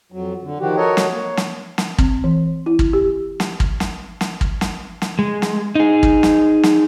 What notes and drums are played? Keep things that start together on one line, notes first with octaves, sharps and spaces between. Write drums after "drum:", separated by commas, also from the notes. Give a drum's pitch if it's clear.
F2 F#3
D3
D#3 F3 F#4 G4
F#4 A4 A#4 C#5 D#5
drum: snare
A#3 C#5
drum: snare
drum: snare
C4, drum: kick
E3
E4
drum: kick
G4
drum: snare
drum: kick
drum: snare
drum: snare
drum: kick
drum: snare
drum: snare
G#3
drum: snare
D#4 G#4
drum: kick
drum: snare
drum: snare